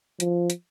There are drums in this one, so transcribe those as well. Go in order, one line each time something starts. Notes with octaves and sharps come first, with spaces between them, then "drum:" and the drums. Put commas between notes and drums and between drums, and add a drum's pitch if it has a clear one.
F3, drum: hi-hat
drum: hi-hat